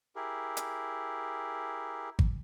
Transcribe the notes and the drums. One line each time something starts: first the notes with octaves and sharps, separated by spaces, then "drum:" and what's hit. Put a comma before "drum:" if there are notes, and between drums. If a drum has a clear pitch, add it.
E4 G4 G#4 A#4
drum: hi-hat
drum: kick G#1